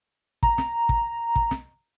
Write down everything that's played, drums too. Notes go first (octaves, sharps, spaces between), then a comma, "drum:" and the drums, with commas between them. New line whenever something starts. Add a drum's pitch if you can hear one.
A#5, drum: kick
drum: snare
drum: kick
drum: kick
drum: snare